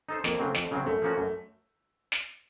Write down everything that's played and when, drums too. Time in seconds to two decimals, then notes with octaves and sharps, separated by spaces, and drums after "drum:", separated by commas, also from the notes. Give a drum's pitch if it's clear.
0.09 D#4 A4 C5
0.24 F2 A#3, drum: snare
0.39 C#3 F#3 A3 C4
0.55 F2, drum: snare
0.71 C#3 F#3 C4
0.86 F#2 A3
1.02 F3 A#3 C#4 F#4
1.18 F#2
2.12 drum: snare